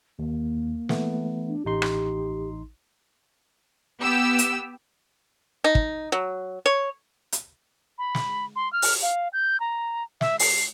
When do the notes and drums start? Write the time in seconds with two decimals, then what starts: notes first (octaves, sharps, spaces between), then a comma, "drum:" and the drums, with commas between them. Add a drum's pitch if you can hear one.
0.19 D#2 A#3
0.89 E3 A3 B3, drum: snare
1.48 D4
1.65 A1 D#4 G4 C6
1.82 drum: rim click
4.02 B3 G4 E6
4.39 drum: hi-hat
5.64 D#4
5.75 drum: kick
6.12 F#3
6.66 C#5
7.32 drum: hi-hat
7.98 B5
8.15 drum: snare
8.56 C6
8.73 F6
8.82 drum: open hi-hat
9.02 F5
9.33 G6
9.60 A#5
10.21 E5, drum: snare
10.39 C7, drum: open hi-hat